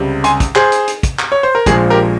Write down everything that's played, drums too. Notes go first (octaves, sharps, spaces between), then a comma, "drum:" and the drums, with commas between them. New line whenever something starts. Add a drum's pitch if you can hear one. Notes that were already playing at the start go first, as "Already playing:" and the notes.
Already playing: C#2 C3 G3
G#5 C6, drum: hi-hat
drum: kick, hi-hat
G#4 C5, drum: clap
drum: hi-hat
drum: hi-hat
drum: kick, hi-hat
drum: clap
C#5
C5
A#4
A#1 A#2 F3 G#3 G#4, drum: kick, hi-hat
G4 A#4